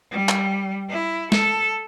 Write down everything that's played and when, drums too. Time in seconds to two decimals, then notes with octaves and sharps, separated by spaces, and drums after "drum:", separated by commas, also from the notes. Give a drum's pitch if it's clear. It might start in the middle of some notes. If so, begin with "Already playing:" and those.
0.11 G3
0.29 drum: clap
0.90 E4
1.32 A4, drum: snare